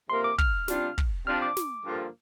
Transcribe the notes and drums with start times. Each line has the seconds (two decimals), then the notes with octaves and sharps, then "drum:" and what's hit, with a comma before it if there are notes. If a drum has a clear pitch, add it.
0.10 F2 C3 A#3 C6
0.24 D6
0.38 F6, drum: kick
0.68 C3 G3 D4 F4, drum: snare
0.98 drum: kick
1.27 C3 F3 D4 F6
1.42 D6
1.57 drum: snare
1.85 G2 D3 F3 A#3 F4